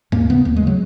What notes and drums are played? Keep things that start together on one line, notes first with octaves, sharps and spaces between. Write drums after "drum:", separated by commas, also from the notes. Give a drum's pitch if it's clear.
D#2 A#3, drum: tom G#2
C#3 B3
D#2 A#3
G#3
C#3 F#3